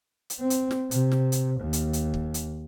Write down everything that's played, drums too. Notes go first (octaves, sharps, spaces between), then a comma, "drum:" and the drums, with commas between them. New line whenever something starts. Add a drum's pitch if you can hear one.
drum: hi-hat
C4
drum: hi-hat
drum: snare
C3, drum: hi-hat
drum: snare
drum: hi-hat
D#2
drum: hi-hat
drum: hi-hat
drum: kick
drum: hi-hat